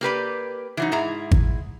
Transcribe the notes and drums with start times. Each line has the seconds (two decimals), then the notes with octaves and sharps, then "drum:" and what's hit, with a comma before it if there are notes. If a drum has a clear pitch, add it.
0.01 A#3 G4 B4 D5
0.77 E3 F#3 D#4
0.92 G#2 E4 G#4 A#5
1.31 drum: kick G#1